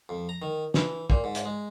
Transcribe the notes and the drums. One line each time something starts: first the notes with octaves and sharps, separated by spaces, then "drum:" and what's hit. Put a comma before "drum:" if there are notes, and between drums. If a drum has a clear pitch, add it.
F2
A#5
D#3
E3, drum: snare
A#2, drum: kick
G#2
drum: hi-hat
G#3